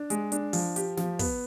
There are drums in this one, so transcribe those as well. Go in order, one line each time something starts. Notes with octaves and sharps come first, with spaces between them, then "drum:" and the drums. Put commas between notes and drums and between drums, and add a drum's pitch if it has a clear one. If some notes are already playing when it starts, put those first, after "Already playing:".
Already playing: D4
G#3, drum: hi-hat
D4, drum: hi-hat
F3, drum: open hi-hat
G4, drum: hi-hat
F3, drum: snare
B3, drum: kick, open hi-hat